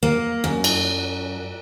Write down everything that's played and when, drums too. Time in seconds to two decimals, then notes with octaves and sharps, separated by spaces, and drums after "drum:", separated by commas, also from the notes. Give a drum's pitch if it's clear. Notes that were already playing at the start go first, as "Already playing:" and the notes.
0.03 A#3
0.44 F#2
0.64 drum: cymbal